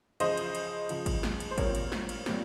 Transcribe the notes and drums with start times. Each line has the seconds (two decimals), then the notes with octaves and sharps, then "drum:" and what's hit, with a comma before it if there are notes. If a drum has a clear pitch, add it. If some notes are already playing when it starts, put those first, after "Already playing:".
0.20 C#2 C#3 F3 C5 D#5, drum: cymbal
0.37 drum: cymbal
0.55 drum: cymbal
0.89 C#2 C#3 F3, drum: cymbal
1.06 drum: kick G#1, cymbal
1.23 drum: snare
1.40 drum: cymbal
1.51 C5
1.58 A#1 A#2 G3 C4 A#4 C#5, drum: kick G#1, cymbal
1.75 drum: cymbal
1.92 drum: snare
2.09 drum: cymbal
2.26 A#2 G3 C4, drum: snare